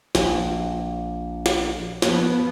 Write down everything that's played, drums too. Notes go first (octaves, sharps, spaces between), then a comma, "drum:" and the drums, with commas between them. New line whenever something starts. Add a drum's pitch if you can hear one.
A#1, drum: snare
drum: snare
F3 B3, drum: snare